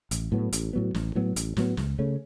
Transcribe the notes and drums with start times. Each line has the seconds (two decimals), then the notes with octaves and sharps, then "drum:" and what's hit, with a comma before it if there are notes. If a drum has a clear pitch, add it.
0.11 A1, drum: hi-hat
0.32 A2 F#3 B3
0.53 A1, drum: hi-hat
0.73 A2 F#3 B3
0.94 A1, drum: snare
1.15 A2 F#3 B3
1.36 A1, drum: hi-hat
1.57 A2 F#3 B3, drum: snare
1.77 C#2, drum: snare
1.99 C#3 A3 C#4